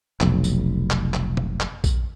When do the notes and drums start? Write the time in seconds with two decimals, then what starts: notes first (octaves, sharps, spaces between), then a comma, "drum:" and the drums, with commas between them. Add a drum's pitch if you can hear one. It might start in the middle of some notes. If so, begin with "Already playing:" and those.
0.21 F1 B1, drum: clap
0.44 drum: tambourine
0.91 drum: clap
1.14 drum: clap
1.37 drum: tom C3
1.61 drum: clap
1.84 drum: kick A#1, tambourine